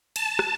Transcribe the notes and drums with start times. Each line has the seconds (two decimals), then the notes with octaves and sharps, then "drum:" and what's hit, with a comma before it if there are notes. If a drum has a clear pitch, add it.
0.16 A5, drum: cymbal
0.39 drum: rim click